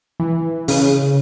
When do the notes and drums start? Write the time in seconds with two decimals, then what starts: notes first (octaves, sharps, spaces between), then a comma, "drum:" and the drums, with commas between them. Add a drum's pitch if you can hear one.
0.20 E3
0.68 C#3, drum: open hi-hat